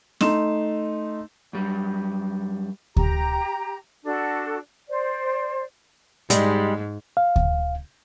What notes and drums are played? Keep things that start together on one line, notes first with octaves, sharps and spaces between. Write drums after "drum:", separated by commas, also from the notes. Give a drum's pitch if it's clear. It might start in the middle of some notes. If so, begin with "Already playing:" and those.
A3 D#4 C6 E7, drum: snare
F#2 G3
G4 A#5, drum: kick D2
D4 F#4 A4
C5 D5
G#2 G3 G#3, drum: hi-hat
F5
drum: kick D2